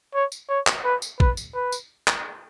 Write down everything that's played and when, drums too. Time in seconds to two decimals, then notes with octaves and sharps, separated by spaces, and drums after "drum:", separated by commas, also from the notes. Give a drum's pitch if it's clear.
0.14 C#5
0.32 drum: tambourine
0.50 C#5
0.67 drum: clap
0.85 B4
1.02 drum: tambourine
1.20 B4, drum: kick A#1
1.37 drum: tambourine
1.55 B4
1.72 drum: tambourine
2.08 drum: clap